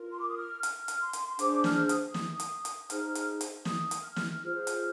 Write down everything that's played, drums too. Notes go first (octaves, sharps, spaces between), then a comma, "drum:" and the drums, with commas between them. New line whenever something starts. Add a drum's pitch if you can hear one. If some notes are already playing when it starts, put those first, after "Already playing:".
Already playing: F4 A#4
C6
D6
D#6
F6
F6, drum: hi-hat
drum: hi-hat
C6
drum: hi-hat
C6
D4 G#4 C5 D6, drum: hi-hat
F6, drum: snare
D#6, drum: hi-hat
drum: snare
drum: hi-hat
drum: hi-hat
D#4 G#4 C5 F6, drum: hi-hat
drum: hi-hat
drum: hi-hat
D#6, drum: snare
drum: hi-hat
F6
drum: snare
F4 G#4 C5
drum: hi-hat